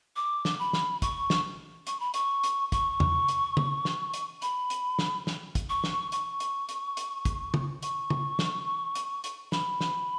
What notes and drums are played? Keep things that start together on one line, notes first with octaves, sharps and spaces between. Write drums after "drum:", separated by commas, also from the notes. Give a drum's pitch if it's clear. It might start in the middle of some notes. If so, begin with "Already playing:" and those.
D6
drum: snare
B5
drum: snare
C#6, drum: kick, hi-hat
drum: snare
C#6, drum: hi-hat
B5
C#6, drum: hi-hat
drum: hi-hat
C#6, drum: kick, hi-hat
drum: tom E2
drum: hi-hat
drum: tom
drum: snare
drum: hi-hat
B5, drum: hi-hat
drum: hi-hat
drum: snare
drum: snare
drum: kick, hi-hat
C#6
drum: snare
C#6, drum: hi-hat
drum: hi-hat
drum: hi-hat
drum: hi-hat
drum: kick, hi-hat
drum: tom
C#6, drum: hi-hat
drum: tom
drum: snare
drum: hi-hat
drum: hi-hat
B5, drum: snare
drum: snare